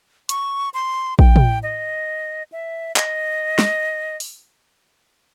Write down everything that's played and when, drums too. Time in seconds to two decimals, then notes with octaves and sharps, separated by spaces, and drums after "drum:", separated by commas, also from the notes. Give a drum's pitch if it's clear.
0.29 C#6, drum: hi-hat
0.74 C6
1.19 G5, drum: kick A#1
1.36 drum: tom
1.63 D#5
2.52 E5
2.96 D#5, drum: clap
3.59 drum: snare
4.20 drum: open hi-hat